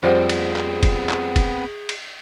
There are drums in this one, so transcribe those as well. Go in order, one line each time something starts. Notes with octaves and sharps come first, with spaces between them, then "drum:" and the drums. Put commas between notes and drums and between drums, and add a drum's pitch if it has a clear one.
F2 F3 G3 B3 C4 G#4 C5 F#5
drum: cymbal
drum: clap
drum: kick, cymbal
drum: clap
drum: kick, cymbal
drum: cymbal